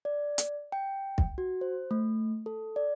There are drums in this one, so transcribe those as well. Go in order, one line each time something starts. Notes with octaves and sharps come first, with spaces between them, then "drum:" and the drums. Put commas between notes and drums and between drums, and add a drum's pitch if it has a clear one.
D5
drum: hi-hat
G5
drum: kick
F#4
C5
A3
A4
D5